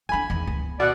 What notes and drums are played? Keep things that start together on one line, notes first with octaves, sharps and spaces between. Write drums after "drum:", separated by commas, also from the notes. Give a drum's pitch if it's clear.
C4 D4 G#5 B5
E2 D#3
B3, drum: kick C#2
B2 D5 F#5